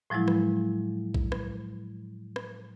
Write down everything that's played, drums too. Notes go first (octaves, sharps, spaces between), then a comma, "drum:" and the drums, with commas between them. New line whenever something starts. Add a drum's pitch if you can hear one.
A2 F3 F#3 G#3 E4
drum: rim click
drum: kick A#1
drum: rim click
drum: rim click